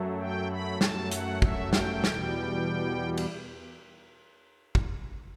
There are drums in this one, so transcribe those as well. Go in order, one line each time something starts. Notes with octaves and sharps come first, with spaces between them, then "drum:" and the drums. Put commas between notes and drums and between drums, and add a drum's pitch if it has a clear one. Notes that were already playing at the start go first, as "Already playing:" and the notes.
Already playing: F#2 F#3 A3
G5
B5
F#2 F#3 A3 A5, drum: snare
F#5, drum: hi-hat
E5, drum: kick
G5, drum: snare
E2 B2 G3, drum: snare
drum: cymbal
drum: kick